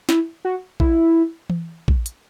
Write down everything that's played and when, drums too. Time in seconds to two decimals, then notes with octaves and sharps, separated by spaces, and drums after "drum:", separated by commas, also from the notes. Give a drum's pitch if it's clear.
0.09 E4, drum: snare
0.45 F#4
0.80 E4, drum: kick
1.50 drum: tom E3
1.88 drum: kick
2.06 drum: hi-hat